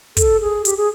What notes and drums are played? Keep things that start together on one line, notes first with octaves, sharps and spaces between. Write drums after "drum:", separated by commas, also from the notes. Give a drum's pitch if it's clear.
A4, drum: kick, hi-hat
G#4
G4, drum: hi-hat
G#4